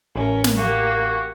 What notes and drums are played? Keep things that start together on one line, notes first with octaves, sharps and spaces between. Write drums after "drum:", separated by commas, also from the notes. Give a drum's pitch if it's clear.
A1 C#4 A#4
drum: snare
A#3 F#4 G4